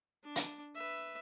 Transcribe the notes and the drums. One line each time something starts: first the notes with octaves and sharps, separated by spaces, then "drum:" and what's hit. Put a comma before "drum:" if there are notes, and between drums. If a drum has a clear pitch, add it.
D4
drum: hi-hat
B4 E5